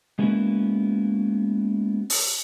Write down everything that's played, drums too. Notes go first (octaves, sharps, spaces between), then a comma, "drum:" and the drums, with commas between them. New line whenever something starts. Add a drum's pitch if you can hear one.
G#3 A#3 B3 C#4 E4 F#4
drum: open hi-hat